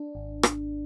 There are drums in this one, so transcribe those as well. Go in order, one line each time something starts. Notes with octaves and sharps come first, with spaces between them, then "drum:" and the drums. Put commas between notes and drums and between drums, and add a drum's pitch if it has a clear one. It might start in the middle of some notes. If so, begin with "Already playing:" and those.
Already playing: D4
G#1
drum: rim click